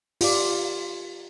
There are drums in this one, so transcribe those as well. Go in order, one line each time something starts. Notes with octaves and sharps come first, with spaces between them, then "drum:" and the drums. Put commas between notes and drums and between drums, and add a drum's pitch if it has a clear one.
F4 G4 D5 D6, drum: open hi-hat